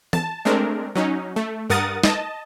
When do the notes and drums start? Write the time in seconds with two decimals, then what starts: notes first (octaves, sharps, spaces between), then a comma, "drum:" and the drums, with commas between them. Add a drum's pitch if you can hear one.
0.13 A5, drum: tom E3
0.45 G#3 A3 C4 D4 A#4
0.95 F#3 C#4 D#4
1.36 A3
1.70 G2 A#4 F#5 D#6 A6
2.04 D#5 A5, drum: snare